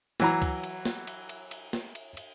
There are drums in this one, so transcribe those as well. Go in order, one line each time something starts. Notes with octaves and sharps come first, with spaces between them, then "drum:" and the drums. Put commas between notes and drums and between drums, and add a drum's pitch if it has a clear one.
E3 F#3 A#5, drum: snare
drum: kick C#2, cymbal
drum: cymbal
drum: snare
drum: cymbal
drum: cymbal
drum: cymbal
drum: snare
drum: cymbal
drum: cymbal